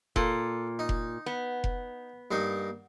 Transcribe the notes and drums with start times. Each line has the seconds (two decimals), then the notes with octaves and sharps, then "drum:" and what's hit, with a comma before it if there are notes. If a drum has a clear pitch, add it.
0.16 A#2 A4, drum: kick F1
0.79 D#4
0.89 drum: kick F1
1.26 B3
1.64 drum: kick F1
2.31 G2 A#3 D#4